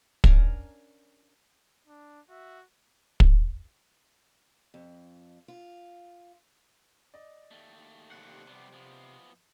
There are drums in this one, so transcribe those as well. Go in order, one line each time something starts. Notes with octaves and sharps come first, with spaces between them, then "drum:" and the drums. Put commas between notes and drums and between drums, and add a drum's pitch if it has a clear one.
C#4 D4 A#4 F5 G#5 A#5, drum: kick
D4
F#4 E5
drum: kick
F2
F4
D5 D#5
D#2 A3
C3 F#5
G3 B3
F3 B3